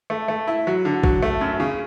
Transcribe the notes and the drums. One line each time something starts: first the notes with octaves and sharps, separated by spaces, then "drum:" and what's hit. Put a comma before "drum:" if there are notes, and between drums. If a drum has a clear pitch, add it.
A3
A3
E4
F#3
D3
F#3, drum: kick
A3
F#2
C#3